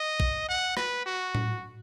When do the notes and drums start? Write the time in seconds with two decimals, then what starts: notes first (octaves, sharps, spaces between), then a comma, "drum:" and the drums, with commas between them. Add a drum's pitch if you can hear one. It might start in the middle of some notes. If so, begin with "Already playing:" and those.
Already playing: D#5
0.20 drum: kick A#1
0.49 F#5
0.77 B4, drum: rim click
1.06 F#4
1.35 drum: tom A2